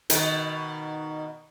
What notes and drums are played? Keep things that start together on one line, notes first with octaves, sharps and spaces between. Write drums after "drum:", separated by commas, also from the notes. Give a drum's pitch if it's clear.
B2 D#3, drum: hi-hat